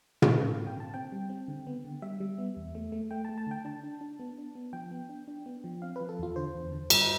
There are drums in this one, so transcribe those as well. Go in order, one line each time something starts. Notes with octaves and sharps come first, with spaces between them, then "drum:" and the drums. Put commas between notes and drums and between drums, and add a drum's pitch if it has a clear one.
C5, drum: tom
B4
D3 A4
C4 F5
G5
D3 A5
C4 G5
G3
C4
D3
B3
D3
G3 E5
G3
B3
E2
A3
A3
A3 G5
A5
A3
A5
D3 G5
D4 A5
D4
D4
B3
D4
B3
F3 G5
B3
D4
D4
B3
F3
C4 F5
F3 B4
A4
E2 F4
D3 C5
E2
D3
G2, drum: cymbal